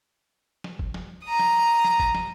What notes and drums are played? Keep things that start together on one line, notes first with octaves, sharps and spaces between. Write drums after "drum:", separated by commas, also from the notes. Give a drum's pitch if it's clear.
drum: snare
drum: kick F#1
drum: snare
A#5 D#6
drum: snare
drum: snare
drum: kick F#1
drum: snare